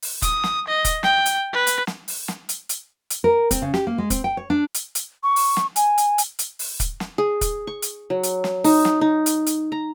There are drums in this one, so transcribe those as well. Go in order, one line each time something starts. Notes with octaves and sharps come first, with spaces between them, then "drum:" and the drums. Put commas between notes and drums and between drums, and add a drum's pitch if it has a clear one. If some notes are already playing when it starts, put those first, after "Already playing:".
drum: open hi-hat
D#6, drum: kick, hi-hat
drum: snare
D#5
drum: kick, hi-hat
G5, drum: snare
drum: hi-hat
B4
drum: hi-hat
drum: snare
drum: open hi-hat
drum: snare
drum: hi-hat
drum: hi-hat
drum: hi-hat
A#4
C4, drum: kick, hi-hat
C#3
G4, drum: snare
A#3
G#3
C4, drum: kick, hi-hat
G5
C#5
D4
drum: hi-hat
drum: hi-hat
C#6
drum: open hi-hat
drum: snare
G#5, drum: hi-hat
drum: hi-hat
drum: hi-hat
drum: hi-hat
drum: open hi-hat
drum: kick, hi-hat
drum: snare
G#4
drum: kick, hi-hat
C#6
drum: hi-hat
F#3
drum: hi-hat
drum: snare
D#4, drum: open hi-hat
drum: snare
D#4
drum: hi-hat
drum: hi-hat
A#5